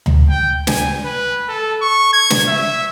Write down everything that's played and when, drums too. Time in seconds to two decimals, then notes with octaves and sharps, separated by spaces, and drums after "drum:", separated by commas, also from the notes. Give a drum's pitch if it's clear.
0.06 drum: tom D2
0.30 G5
0.67 G#5, drum: snare
1.05 B4
1.49 A4
1.82 C#6
2.13 G#6
2.30 drum: snare
2.48 E5